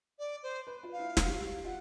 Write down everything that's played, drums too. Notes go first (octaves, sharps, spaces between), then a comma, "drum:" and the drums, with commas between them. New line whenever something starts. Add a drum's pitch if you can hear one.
D5
C5
B4
F4
F5
E4
F#4, drum: snare
G4
G4
F4 F#5